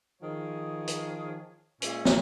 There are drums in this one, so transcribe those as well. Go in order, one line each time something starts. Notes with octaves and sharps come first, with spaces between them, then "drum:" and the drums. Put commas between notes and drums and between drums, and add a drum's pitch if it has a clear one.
D#3 F3 G#4 C#5 A5
drum: hi-hat
A#2 G#3 A#3 C#4 E5, drum: hi-hat
drum: snare